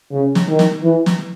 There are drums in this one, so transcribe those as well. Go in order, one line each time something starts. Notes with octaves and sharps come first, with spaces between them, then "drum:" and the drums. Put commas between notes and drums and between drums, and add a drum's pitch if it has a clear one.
C#3
drum: snare
D#3
drum: snare
E3
drum: snare